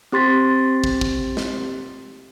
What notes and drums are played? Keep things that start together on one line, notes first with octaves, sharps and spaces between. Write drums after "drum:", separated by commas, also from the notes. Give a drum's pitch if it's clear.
C4 G4 C6 A6 B6
drum: kick
drum: kick
drum: snare